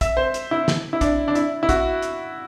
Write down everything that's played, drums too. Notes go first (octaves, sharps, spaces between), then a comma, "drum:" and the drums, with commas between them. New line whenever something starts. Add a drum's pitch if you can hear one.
E5, drum: kick, hi-hat
C5
drum: hi-hat
E4
drum: snare
E4
D4, drum: kick, hi-hat
D4
E4, drum: hi-hat
E4
F#4, drum: kick, hi-hat
drum: hi-hat